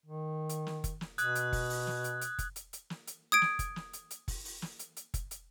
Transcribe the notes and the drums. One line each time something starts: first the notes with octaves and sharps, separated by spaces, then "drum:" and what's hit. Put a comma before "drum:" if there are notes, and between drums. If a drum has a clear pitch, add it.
D#3
drum: hi-hat
drum: snare
drum: kick F#1, hi-hat
drum: snare
B2 D#6 F#6 G#6, drum: hi-hat
drum: hi-hat
drum: kick F#1, open hi-hat
drum: open hi-hat
drum: snare
drum: hi-hat
drum: hi-hat
drum: kick F#1, hi-hat
drum: hi-hat
drum: hi-hat
drum: snare
drum: hi-hat
D#6 G#6 D7
drum: snare
drum: kick F#1, hi-hat
drum: snare
drum: hi-hat
drum: hi-hat
drum: kick F#1, open hi-hat
drum: open hi-hat
drum: snare
drum: hi-hat
drum: hi-hat
drum: kick F#1, hi-hat
drum: hi-hat